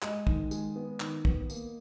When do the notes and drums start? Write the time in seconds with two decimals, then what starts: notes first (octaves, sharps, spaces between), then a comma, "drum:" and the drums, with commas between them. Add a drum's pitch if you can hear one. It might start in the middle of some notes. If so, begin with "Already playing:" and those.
0.02 G#3 D#5, drum: clap
0.27 D#3, drum: kick
0.51 G#3, drum: tambourine
0.76 B3
1.00 D#3, drum: clap
1.25 B3, drum: kick
1.50 A#3, drum: tambourine